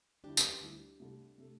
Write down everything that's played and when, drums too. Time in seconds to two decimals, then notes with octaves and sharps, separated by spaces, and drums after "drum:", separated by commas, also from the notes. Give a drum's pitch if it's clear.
0.24 D2 D3 G3 D4 E4 G4
0.37 drum: tambourine
0.61 D2 D3 G3 E4
0.99 C2 C3 A3
1.38 C3 A3